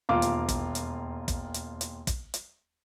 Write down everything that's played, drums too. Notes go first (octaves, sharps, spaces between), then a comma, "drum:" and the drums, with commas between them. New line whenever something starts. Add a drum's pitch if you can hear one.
E1 D#2 F4 F5 D6
drum: hi-hat
drum: kick, hi-hat
drum: hi-hat
drum: kick, hi-hat
drum: hi-hat
drum: hi-hat
drum: kick, hi-hat
drum: hi-hat